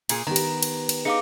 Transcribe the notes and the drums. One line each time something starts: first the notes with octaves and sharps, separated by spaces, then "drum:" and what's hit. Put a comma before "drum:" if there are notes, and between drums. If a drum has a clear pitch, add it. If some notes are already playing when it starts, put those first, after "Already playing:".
A#2 G#4, drum: cymbal
D#3 B3 G4 A#5
drum: cymbal
drum: cymbal
drum: cymbal
D#4 G#4 F5 D6